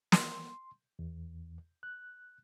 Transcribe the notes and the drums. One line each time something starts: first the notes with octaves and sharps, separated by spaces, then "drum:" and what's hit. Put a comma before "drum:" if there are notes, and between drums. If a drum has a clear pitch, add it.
C6, drum: snare
E2
F#6